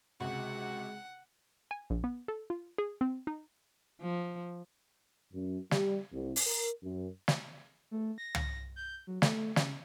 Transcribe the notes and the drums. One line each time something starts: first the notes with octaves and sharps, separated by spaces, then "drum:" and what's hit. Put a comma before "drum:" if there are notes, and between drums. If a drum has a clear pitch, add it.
C#2 C3 G#3 F#4 F#5
G#5
A#1
B3
A4
F4
G#4
C4
D#4
F3
F#2
G3, drum: snare
C2
drum: open hi-hat
A#4
F#2
drum: snare
A3
A#6
drum: tom
G6
F#3
A3, drum: snare
C#3, drum: snare